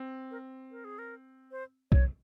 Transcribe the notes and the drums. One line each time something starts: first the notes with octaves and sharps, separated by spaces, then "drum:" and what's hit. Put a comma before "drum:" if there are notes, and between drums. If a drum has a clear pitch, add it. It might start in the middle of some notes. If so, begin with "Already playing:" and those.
Already playing: C4
A#4
A#4
G#4
A#4
C5
C#5, drum: kick B1